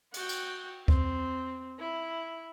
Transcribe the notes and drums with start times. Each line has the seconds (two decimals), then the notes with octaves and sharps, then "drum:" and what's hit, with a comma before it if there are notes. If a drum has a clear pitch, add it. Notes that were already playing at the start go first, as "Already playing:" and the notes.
0.14 F#4 G5, drum: cymbal
0.29 drum: cymbal
0.88 C4, drum: kick C#2
1.80 E4